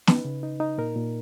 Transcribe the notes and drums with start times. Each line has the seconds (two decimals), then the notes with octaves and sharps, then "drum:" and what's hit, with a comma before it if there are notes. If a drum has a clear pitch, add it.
0.07 D#4 B4, drum: snare
0.25 C#3
0.43 D#4
0.60 D#4
0.78 A#2 A#4
0.96 A#2